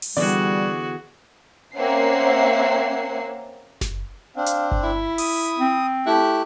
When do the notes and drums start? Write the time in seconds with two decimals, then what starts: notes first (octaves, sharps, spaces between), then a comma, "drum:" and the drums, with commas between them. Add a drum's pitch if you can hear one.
0.02 drum: open hi-hat
0.17 D3 E3 G3 B3 F#4 G#4 D5
1.76 A#3 C4 C#4 E5 F#5 C7
3.81 drum: snare F#1
4.37 C4 D4 F5
4.46 drum: hi-hat
4.72 drum: kick G1
4.83 E4 B5
5.18 D#6, drum: open hi-hat
5.58 C4
6.07 A3 E4 G4 F#6